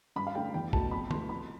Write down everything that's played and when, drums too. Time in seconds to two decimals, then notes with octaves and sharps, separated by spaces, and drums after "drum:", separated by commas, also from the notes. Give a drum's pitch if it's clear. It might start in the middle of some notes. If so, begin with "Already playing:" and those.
0.16 G2 B5
0.27 F5
0.35 D3 A3 G5
0.54 E2 G5
0.73 B2 A3 A5, drum: kick
0.91 F2 B5
1.11 E3 A3 C6, drum: tom D3
1.29 F2 B5